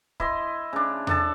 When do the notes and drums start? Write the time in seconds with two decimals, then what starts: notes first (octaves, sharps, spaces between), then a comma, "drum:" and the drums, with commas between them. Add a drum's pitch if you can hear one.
0.20 E4 D#5 C6, drum: kick
0.73 C#3 D4
1.07 D4 A4 A5, drum: tom E2